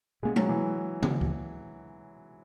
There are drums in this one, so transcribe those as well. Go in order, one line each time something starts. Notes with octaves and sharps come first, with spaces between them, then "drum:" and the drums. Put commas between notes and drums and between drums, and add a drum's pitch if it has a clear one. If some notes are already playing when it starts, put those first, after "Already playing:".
B2 G#3 A#3 C#4
F#3, drum: tom G#3
E3
C#3 E3 A#3 C#4, drum: tom
drum: kick C#2